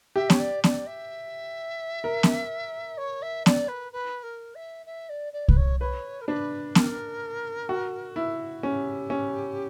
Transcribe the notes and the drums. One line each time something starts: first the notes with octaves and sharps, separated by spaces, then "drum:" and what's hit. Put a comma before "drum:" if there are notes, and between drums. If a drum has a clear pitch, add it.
G4 E5
C#5, drum: snare B3
D5
D5, drum: snare B3
E5
A#4
drum: snare B3
C#5
E5
D5, drum: snare B3
B4
B4
A#4
E5
E5
D5
D5
B4, drum: kick C2
C#5
B4 C#5
A#4
D4 B4
A#4, drum: snare B3
F#4
E4
C#4 G4
C#4